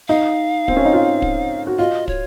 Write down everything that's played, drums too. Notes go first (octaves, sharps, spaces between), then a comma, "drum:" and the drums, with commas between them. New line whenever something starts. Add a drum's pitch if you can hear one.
D#4 F5
C4, drum: kick
C#4
D#4
F4
drum: kick
F#4
F4 D#5
C#5, drum: kick